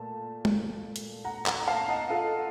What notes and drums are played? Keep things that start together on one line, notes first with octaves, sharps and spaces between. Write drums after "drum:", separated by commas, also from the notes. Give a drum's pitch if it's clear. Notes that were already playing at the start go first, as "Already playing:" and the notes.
Already playing: A#2 A3 A5
drum: tom
drum: hi-hat
F#5 A#5
F#5 A#5, drum: clap
A#5
F5 A5
D#5 F#5
F4 A4